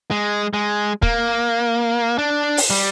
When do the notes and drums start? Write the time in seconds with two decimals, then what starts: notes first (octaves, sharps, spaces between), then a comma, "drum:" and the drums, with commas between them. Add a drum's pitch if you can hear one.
0.11 G#3
0.54 G#3
1.02 A#3, drum: kick
2.18 D4
2.57 drum: open hi-hat
2.70 G3